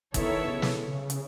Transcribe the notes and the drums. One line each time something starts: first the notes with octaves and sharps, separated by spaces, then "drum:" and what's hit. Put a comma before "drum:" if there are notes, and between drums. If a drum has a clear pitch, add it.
D#3 B3 E4 A4 C#5 E5, drum: kick, hi-hat
C#3
drum: snare
C#3
drum: hi-hat